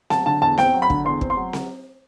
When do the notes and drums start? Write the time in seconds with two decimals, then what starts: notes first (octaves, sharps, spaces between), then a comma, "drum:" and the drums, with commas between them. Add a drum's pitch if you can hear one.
0.10 F#3 A5, drum: snare C4
0.26 D3 A5
0.42 E2 A5
0.58 C4 G5, drum: snare C4
0.74 F#3
0.82 B5
0.90 D3, drum: kick
1.05 E2 C6
1.21 C4, drum: kick
1.30 C6
1.37 F#3
1.53 drum: snare C4